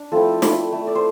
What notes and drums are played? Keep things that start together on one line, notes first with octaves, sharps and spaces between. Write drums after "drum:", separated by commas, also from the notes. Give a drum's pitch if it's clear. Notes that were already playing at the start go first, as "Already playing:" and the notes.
Already playing: D4
F3 A3 C4 E4 A4
A3 E4, drum: snare
A3 E4
D5
C5